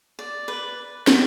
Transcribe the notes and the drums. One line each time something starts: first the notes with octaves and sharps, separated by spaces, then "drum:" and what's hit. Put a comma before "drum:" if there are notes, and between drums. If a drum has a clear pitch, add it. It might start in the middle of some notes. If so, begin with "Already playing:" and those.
D5
B4
drum: snare